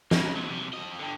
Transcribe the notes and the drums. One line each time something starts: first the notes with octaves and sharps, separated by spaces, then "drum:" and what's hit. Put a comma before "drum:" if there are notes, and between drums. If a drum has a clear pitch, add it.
C#3 G#3, drum: snare
A#2 F#3
C3 F#3
F2 D#5
G2 D3